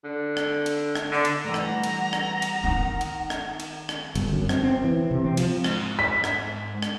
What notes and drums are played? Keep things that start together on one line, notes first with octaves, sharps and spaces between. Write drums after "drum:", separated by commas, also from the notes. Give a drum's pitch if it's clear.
D3
drum: rim click
drum: cymbal
drum: rim click
D3
drum: cymbal
E3 G3 A3 F#5 A#5
drum: rim click
drum: cymbal
drum: rim click
drum: cymbal
D#3 C4 D#4
drum: cymbal
drum: rim click
drum: cymbal
drum: rim click
G1, drum: cymbal
F#2
C4, drum: rim click
C4
E3
C3
C4
F3, drum: cymbal
G#2, drum: rim click
B6
drum: rim click
drum: rim click